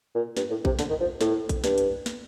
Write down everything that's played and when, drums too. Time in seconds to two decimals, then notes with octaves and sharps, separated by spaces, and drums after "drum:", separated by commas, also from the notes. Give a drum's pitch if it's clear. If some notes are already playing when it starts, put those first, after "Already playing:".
0.15 A#2
0.37 G2, drum: snare
0.50 A2
0.65 C3, drum: kick A#1
0.79 D3, drum: snare
0.89 D#3
1.00 F3
1.21 A2, drum: snare
1.49 drum: kick A#1, hi-hat
1.64 G2, drum: snare
1.78 drum: hi-hat
2.06 drum: snare